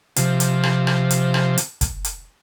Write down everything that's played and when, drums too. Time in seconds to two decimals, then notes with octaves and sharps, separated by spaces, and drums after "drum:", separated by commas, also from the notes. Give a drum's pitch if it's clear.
0.16 C3 F3, drum: hi-hat
0.40 drum: hi-hat
0.63 drum: rim click
0.87 drum: rim click
1.10 drum: hi-hat
1.34 drum: rim click
1.57 drum: hi-hat
1.81 drum: kick, hi-hat
2.05 drum: hi-hat